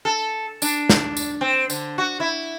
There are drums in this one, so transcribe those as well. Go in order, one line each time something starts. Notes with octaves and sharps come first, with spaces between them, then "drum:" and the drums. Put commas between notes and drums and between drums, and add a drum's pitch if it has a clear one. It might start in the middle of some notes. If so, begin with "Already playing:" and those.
A4
D4, drum: tambourine
drum: snare
drum: tambourine
C4
D3, drum: tambourine
F#4
E4